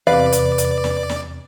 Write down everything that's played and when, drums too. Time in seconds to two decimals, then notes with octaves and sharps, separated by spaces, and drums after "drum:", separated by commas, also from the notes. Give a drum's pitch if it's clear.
0.07 E2 C3 B4 D5 F5
0.33 drum: hi-hat
0.58 drum: hi-hat
0.84 drum: snare
1.09 drum: snare